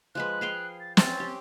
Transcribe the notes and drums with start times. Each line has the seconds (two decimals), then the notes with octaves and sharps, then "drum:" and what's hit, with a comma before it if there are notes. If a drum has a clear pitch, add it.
0.15 F3 G#3 B4 F#6
0.41 G#4 F5 G5
0.80 A6
0.97 C4 C#4 A6, drum: snare
1.20 G4